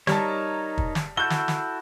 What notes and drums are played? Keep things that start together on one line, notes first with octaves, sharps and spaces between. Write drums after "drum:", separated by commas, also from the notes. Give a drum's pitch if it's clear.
G3 D#4 A#4 C#5 A5, drum: snare
drum: kick
drum: snare
E4 F#4 A4 G6 G7
drum: snare
drum: snare